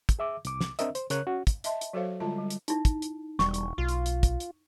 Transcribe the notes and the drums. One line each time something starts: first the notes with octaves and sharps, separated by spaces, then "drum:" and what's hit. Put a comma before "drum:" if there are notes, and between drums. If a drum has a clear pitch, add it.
drum: kick, hi-hat
G#4 E5 D6
C2 D6, drum: hi-hat
drum: snare
C4 D4 A#4 D#5 E5, drum: hi-hat
C5, drum: hi-hat
C#3 A#4 C#5 F#6, drum: hi-hat
C#4 F#4
drum: kick, hi-hat
D#5 E5 A5 C6, drum: hi-hat
drum: hi-hat
F#3 F#4 A4 C5 C#5 F5
D3 G3 G#3 F4 A5
G3
drum: hi-hat
D#4 E4, drum: hi-hat
drum: kick, hi-hat
drum: hi-hat
E1 G3 C#6, drum: snare
drum: hi-hat
B1 F4
drum: hi-hat
drum: hi-hat
drum: kick, hi-hat
drum: hi-hat